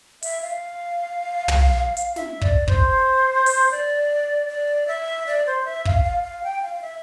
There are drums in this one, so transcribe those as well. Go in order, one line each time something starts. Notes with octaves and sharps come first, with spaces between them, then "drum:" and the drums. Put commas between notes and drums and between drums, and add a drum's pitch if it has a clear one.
E5, drum: open hi-hat
F5
drum: tom
drum: hi-hat
E5, drum: snare
D5, drum: kick
C5, drum: kick
drum: open hi-hat
D5
D5
E5
D5
C5
E5
F5, drum: kick
F5
F5
G5
F5
E5